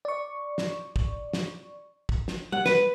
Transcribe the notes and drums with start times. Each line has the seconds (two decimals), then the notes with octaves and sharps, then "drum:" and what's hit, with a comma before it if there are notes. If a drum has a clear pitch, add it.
0.05 D5 C#6
0.58 drum: snare
0.96 drum: kick
1.33 drum: snare
2.09 drum: kick
2.28 drum: snare
2.52 G3 F#5
2.66 B4, drum: snare